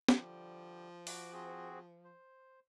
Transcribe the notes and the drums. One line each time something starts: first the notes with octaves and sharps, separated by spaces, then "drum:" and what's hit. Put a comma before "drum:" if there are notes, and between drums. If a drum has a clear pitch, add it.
drum: snare
D3 F3 G3 G4
F#4 D6 F#6, drum: open hi-hat
C4 F#4 G#4
C5